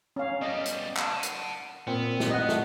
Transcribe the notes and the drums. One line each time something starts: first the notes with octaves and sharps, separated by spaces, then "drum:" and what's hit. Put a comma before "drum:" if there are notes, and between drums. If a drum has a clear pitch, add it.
C#4 F5
B2 G3 D#5
drum: hi-hat
F#5 A5, drum: clap
drum: hi-hat
A#2 B3 C4
drum: snare
D#5 F#5
A3, drum: snare